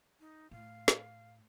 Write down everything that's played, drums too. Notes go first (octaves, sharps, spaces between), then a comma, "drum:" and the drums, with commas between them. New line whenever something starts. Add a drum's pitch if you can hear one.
D#4
A2 F5
drum: snare